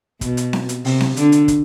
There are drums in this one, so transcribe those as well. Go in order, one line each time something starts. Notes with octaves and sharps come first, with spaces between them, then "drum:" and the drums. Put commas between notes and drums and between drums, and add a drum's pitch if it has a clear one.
B2, drum: kick, hi-hat
drum: hi-hat
drum: snare C4
drum: hi-hat
C3, drum: open hi-hat
drum: snare C4
D3, drum: hi-hat
drum: hi-hat
drum: kick, hi-hat